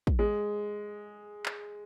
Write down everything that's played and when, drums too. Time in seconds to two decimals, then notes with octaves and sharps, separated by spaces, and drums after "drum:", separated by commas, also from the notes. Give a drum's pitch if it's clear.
0.07 drum: kick
0.19 G#3
1.46 drum: clap